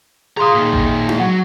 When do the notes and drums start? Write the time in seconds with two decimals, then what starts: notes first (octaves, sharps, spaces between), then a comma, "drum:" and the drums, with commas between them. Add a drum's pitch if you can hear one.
0.37 F4 G#4 A#5 C6 D#6
0.55 A#2 D#3
0.73 drum: kick A1
1.09 drum: tom D#4
1.20 F#3 F#5